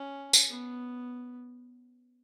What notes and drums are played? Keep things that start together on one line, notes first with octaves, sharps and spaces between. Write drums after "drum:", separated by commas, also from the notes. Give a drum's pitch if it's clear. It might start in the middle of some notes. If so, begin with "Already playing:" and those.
Already playing: C#4
drum: tambourine
B3